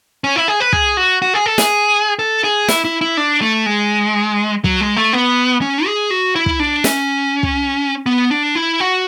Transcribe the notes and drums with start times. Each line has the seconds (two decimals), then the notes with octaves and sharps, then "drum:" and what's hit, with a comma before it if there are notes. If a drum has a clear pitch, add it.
0.24 C#4
0.36 E4
0.48 G#4
0.60 B4
0.73 G#4, drum: kick
0.97 F#4
1.22 F#4
1.34 G#4
1.46 A4
1.58 G#4, drum: snare
2.19 A4
2.44 G#4
2.68 E4, drum: snare
2.85 E4
3.01 E4
3.17 D4
3.42 A3
3.66 G#3
4.64 F#3, drum: kick
4.81 G#3
4.96 A3
5.13 B3
5.62 C#4
5.86 G#4
6.10 F#4
6.36 E4
6.46 drum: kick
6.59 D4
6.84 C#4, drum: snare
7.43 drum: kick
8.06 B3
8.31 D4
8.55 E4
8.80 F#4